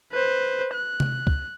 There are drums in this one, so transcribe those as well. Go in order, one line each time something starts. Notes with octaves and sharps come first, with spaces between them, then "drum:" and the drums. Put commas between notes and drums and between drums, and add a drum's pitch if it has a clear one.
B4 C5
F#6
drum: tom C3
drum: kick